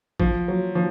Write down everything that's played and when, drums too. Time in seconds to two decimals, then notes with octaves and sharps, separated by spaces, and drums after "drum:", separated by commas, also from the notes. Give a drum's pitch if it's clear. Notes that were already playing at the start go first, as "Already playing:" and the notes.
0.20 F3, drum: kick A1
0.48 F#3
0.75 F3